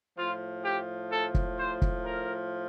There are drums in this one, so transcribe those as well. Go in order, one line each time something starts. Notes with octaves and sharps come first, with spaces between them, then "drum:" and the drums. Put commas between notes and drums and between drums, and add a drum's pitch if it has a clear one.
A2 F3 F4
G4
A4
drum: kick
C5
drum: kick
A#4